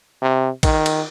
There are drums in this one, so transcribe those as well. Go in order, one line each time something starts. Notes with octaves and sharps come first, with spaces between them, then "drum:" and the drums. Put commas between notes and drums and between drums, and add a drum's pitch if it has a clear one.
C3
D#3, drum: kick, cymbal
drum: cymbal